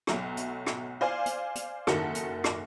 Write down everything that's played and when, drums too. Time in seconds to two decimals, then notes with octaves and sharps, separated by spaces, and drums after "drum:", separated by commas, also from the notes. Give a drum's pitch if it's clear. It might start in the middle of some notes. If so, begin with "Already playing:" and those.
0.07 B1 F#3 A3, drum: rim click
0.37 drum: hi-hat
0.67 drum: rim click
1.01 C5 D5 F5 G#5
1.26 drum: hi-hat
1.55 drum: hi-hat
1.87 F#1 D#3 F#4 A4, drum: rim click
2.15 drum: hi-hat
2.44 drum: rim click